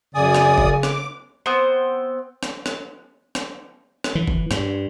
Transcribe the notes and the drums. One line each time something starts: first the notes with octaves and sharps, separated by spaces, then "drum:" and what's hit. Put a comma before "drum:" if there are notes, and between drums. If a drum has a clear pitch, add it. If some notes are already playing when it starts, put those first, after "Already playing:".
F#2 C#3 D5 G#5 D#6
drum: rim click
drum: kick
D6, drum: rim click
B3 C4 C5
drum: rim click
drum: rim click
drum: rim click
drum: rim click
E3
drum: kick
G2, drum: rim click